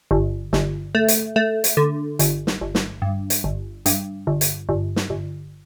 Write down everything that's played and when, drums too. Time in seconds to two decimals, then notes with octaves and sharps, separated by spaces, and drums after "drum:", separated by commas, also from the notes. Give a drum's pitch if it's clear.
0.11 G1
0.53 G1, drum: snare
0.95 A3
1.08 drum: hi-hat
1.36 A3
1.64 drum: hi-hat
1.77 D3
2.19 G1, drum: hi-hat
2.47 drum: snare
2.61 G1
2.75 drum: snare
3.02 G2
3.30 drum: hi-hat
3.44 G1
3.86 G2, drum: hi-hat
4.27 G1
4.41 drum: hi-hat
4.69 G1
4.96 drum: snare
5.10 G1